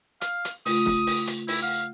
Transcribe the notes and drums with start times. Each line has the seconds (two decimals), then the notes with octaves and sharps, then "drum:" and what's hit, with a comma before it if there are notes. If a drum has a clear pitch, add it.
0.21 F5, drum: hi-hat
0.45 drum: hi-hat
0.66 C#3 A3 F4 D#6, drum: open hi-hat
0.86 drum: snare
1.07 drum: open hi-hat
1.27 drum: hi-hat
1.48 E4, drum: open hi-hat
1.63 F5 F#5